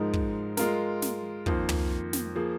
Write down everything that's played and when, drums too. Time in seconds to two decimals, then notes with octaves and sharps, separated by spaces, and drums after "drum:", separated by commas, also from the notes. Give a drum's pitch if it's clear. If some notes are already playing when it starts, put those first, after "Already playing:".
Already playing: G#2 F3 G#3 D#4 A#4
0.13 drum: kick
0.57 G#3 F4 A#4, drum: snare
1.02 drum: snare
1.46 F2 D#3 A#3 F4 C5, drum: kick
1.69 drum: tom
2.13 drum: snare
2.35 F3 A#3 G#4